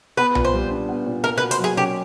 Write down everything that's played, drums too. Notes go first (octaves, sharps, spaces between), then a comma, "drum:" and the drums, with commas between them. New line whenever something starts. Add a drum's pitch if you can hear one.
B3 B4
A#2, drum: tom B1
C5
G3
D4
B3
A#2
A#3 A#4
B4
B2
C5, drum: hi-hat
F#3 G#4
C#4 G4